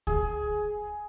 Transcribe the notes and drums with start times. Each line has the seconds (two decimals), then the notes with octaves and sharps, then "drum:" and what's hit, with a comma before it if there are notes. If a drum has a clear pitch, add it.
0.07 G#4, drum: kick C#2